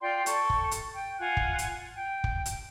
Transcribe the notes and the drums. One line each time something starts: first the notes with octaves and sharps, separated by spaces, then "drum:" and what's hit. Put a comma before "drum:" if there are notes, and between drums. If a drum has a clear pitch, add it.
F4 D5 G5 C6
A4 C#6, drum: hi-hat
drum: kick
drum: hi-hat
G5
F4 F#5 G#5 F#6
drum: kick
drum: hi-hat
G5
drum: kick
drum: hi-hat